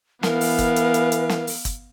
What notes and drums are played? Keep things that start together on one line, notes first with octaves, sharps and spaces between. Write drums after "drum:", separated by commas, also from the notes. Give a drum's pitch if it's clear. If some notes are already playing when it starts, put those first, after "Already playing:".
E3 B3 A#4 F5, drum: snare
drum: open hi-hat
drum: kick, hi-hat
drum: hi-hat
drum: hi-hat
drum: hi-hat
drum: snare
drum: open hi-hat
drum: kick, hi-hat